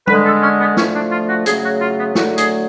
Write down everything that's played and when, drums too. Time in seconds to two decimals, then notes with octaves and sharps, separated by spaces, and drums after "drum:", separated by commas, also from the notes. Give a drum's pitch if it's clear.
0.07 D3 G#3 B4, drum: tom G3
0.26 A4
0.42 C#4
0.60 B3
0.77 D3 F3 A3 C#4, drum: snare
0.95 D4
1.12 F4
1.29 F#4
1.46 C#3 F#3 A3 G#4, drum: hi-hat
1.63 F#4
1.81 F4
1.98 B3
2.15 D3 F#3 A3 F#4, drum: snare
2.38 G#4, drum: hi-hat